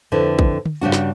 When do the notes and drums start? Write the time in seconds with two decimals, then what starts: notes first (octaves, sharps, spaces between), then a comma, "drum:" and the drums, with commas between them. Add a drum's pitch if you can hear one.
0.12 F2 D3 E4 B4
0.39 drum: kick
0.65 drum: tom D3
0.81 G2 C#3 G3 D4 F#4
0.92 drum: snare